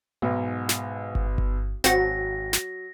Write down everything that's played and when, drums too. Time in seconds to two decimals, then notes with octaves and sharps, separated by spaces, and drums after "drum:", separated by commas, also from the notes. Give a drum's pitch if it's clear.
0.22 B1 G#2
0.69 drum: snare
1.15 drum: kick G1
1.38 drum: kick G1
1.84 G#1 F#3 C4 F#4 A#6, drum: snare
2.53 drum: snare